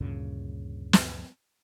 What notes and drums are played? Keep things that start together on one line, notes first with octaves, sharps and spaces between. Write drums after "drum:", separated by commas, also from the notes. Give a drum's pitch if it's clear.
D2 G2 A#2 C#3
drum: snare